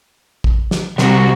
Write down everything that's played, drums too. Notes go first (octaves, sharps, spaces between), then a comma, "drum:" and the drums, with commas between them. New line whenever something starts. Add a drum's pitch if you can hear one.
drum: kick
drum: snare
C3 G3 C4 F#4 A#4, drum: snare